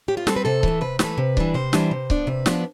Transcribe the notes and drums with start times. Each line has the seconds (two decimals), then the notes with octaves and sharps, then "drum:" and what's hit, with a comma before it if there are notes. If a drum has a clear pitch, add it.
0.08 A2 G4
0.17 F4
0.27 G3 C4 A4, drum: snare
0.36 B4
0.45 C3 A4
0.63 E3 A3, drum: kick C#1
0.81 C3 B4
0.99 E3 A3 B4, drum: snare
1.18 C3
1.37 E3 G3 D4, drum: kick C#1
1.54 C3 C5
1.73 E3 G3 D4, drum: snare
1.91 C3
2.10 F3 B3 D4, drum: kick C#1
2.27 C3 B4
2.46 F3 B3 D4, drum: snare